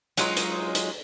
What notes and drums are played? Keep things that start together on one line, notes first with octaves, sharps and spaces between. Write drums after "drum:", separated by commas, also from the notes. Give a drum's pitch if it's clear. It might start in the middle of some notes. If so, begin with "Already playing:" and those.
F#3 G#3 D#4 F4, drum: hi-hat
drum: hi-hat
drum: hi-hat